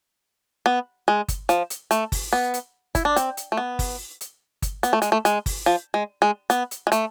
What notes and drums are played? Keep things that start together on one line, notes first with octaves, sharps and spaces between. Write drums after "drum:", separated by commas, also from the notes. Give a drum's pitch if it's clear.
B3
G#3
drum: kick G1, hi-hat
F3, drum: hi-hat
drum: hi-hat
A3, drum: hi-hat
drum: kick G1, open hi-hat
B3
drum: hi-hat
E4, drum: kick G1, hi-hat
D4
C4, drum: hi-hat
drum: hi-hat
A3
B3
drum: kick G1, open hi-hat
drum: hi-hat
drum: kick G1, hi-hat
B3, drum: hi-hat
A3
G#3, drum: hi-hat
A3
G#3, drum: hi-hat
drum: kick G1, open hi-hat
F3
G#3
G#3
B3, drum: hi-hat
drum: hi-hat
G#3
A3, drum: hi-hat